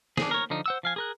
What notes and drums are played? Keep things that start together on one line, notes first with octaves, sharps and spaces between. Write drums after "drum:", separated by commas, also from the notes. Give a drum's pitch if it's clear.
D4 G#4, drum: snare
A#4 C#5
D3 F3 D#4
C5 F#5 E6
F3 F5 G#5
G#4 A#4 F#6